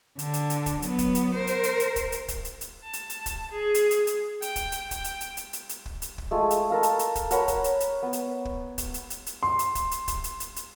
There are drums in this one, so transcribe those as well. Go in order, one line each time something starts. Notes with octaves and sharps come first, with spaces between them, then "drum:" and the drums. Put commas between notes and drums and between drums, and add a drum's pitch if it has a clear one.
D3, drum: hi-hat
drum: hi-hat
drum: hi-hat
drum: kick, hi-hat
F#3 B3, drum: hi-hat
drum: kick, hi-hat
drum: hi-hat
A#4 C5
drum: hi-hat
drum: hi-hat
drum: hi-hat
drum: kick, hi-hat
drum: hi-hat
drum: kick, hi-hat
drum: hi-hat
drum: hi-hat
A5
drum: hi-hat
drum: hi-hat
drum: kick, hi-hat
G#4
drum: hi-hat
drum: hi-hat
drum: hi-hat
G5, drum: hi-hat
drum: kick, hi-hat
drum: hi-hat
G5, drum: kick, hi-hat
drum: hi-hat
drum: hi-hat
drum: hi-hat
drum: hi-hat
drum: hi-hat
drum: kick
drum: hi-hat
drum: kick
G#3 A3 F4
drum: hi-hat
A4 A#4 F5
drum: hi-hat
drum: hi-hat
drum: kick, hi-hat
A#4 C#5 F#5 B5, drum: hi-hat
drum: kick, hi-hat
drum: hi-hat
drum: hi-hat
B3
drum: hi-hat
drum: kick
drum: kick, hi-hat
drum: hi-hat
drum: hi-hat
drum: hi-hat
C6
drum: hi-hat
drum: kick, hi-hat
drum: hi-hat
drum: kick, hi-hat
drum: hi-hat
drum: hi-hat
drum: hi-hat